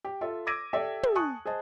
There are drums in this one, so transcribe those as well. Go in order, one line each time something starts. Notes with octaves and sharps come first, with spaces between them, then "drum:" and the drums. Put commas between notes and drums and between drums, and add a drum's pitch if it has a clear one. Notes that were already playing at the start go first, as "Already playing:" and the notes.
G4
F4 A4 E5
D6 E6 G#6 A#6 D7 D#7
G4 A4 D5 E5
drum: tom
G#5 A5 C#6 D#6 F#6
G#4 C5 D#5 A5